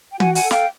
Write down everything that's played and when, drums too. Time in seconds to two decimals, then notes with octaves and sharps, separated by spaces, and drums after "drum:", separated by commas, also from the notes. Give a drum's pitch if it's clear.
0.11 G5
0.20 F#4 F#5 G#5, drum: tom E3
0.32 G5
0.35 F#5 G#5, drum: open hi-hat
0.43 A4
0.51 F5 G5, drum: snare